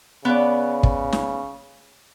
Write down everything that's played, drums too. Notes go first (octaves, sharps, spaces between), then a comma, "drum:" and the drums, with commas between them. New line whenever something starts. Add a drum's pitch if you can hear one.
C#3 B3 D5
drum: kick
drum: snare